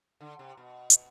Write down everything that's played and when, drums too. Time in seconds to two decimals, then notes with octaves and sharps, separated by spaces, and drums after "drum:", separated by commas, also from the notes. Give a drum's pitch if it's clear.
0.21 D3
0.39 C3
0.57 B2
0.90 drum: hi-hat